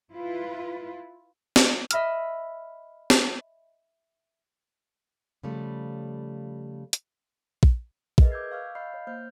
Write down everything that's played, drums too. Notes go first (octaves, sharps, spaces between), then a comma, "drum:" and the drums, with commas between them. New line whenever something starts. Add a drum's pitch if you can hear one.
E4 F4 B4
drum: snare
D#5 E5 B5 E6 F6, drum: hi-hat
drum: snare
C#3 F3 G3 A3
drum: hi-hat
drum: kick
G#4 A#4 B4 D#5 E5, drum: kick
D6 E6 G6 G#6 C7
F5 C#6 E6 F6
D#5 F5 B5 F6 G6 C7
C#5
A#3 C5 F6 G6